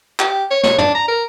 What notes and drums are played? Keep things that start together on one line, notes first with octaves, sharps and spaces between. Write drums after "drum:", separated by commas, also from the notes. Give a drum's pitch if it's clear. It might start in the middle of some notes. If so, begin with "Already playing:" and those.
G4, drum: clap
C#5
C#5, drum: snare
D4, drum: tom
A#5
A#4